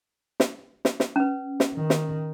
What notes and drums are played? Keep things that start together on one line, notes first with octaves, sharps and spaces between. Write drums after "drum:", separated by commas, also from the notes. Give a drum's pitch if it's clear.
drum: snare
drum: snare
drum: snare
C#4 B4
drum: snare
D#3
drum: snare